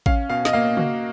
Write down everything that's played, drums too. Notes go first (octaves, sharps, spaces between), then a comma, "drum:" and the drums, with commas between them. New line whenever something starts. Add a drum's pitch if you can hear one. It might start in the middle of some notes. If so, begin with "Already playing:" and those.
C#4 F5, drum: kick A1
B2 F5
D#5, drum: snare
A#3 F5
F#4, drum: tom C#3